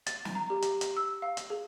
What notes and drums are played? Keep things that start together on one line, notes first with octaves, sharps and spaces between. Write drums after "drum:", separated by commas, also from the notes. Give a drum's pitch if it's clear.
A6, drum: hi-hat
drum: snare
A#5
G4
drum: hi-hat
drum: hi-hat
E6
F5
drum: hi-hat
G#4